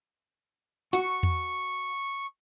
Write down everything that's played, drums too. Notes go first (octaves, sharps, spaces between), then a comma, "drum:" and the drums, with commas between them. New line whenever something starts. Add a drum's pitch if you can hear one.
F#4 C#6, drum: hi-hat
drum: tom E2